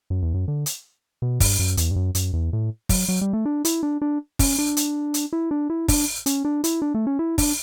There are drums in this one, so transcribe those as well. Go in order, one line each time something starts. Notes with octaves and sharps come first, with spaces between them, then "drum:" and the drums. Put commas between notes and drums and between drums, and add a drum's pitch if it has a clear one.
F#2
E2
F#2
D3
drum: hi-hat
B2
G2, drum: kick, open hi-hat
F#2
E2, drum: hi-hat
G2
F#2
F#2, drum: hi-hat
E2
A2
F#3, drum: kick, open hi-hat
F#3
G3
A3
D4
E4, drum: hi-hat
D4
D4
C#4, drum: kick, open hi-hat
D4
drum: hi-hat
drum: hi-hat
E4
D4
E4
D4, drum: kick, open hi-hat
C#4, drum: hi-hat
D4
E4, drum: hi-hat
D4
A3
C#4
E4
D4, drum: kick, open hi-hat